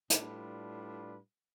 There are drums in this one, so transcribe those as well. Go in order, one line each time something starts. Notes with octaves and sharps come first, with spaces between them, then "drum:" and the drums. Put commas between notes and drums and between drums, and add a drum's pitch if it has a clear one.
A2 G3 D4 F4 B4, drum: hi-hat